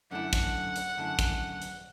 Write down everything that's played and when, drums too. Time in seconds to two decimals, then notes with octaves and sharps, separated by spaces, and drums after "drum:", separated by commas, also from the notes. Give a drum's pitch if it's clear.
0.11 F#2 D3 A3 E4 F#5
0.33 drum: kick, hi-hat
0.76 drum: hi-hat
0.98 F#2 D3 A3 E4
1.19 drum: kick, hi-hat
1.62 drum: hi-hat